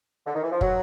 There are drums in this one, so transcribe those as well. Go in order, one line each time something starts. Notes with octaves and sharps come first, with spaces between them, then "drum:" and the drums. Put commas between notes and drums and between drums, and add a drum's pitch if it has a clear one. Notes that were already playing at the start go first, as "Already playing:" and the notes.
D3
D#3
E3
F3
F#3, drum: kick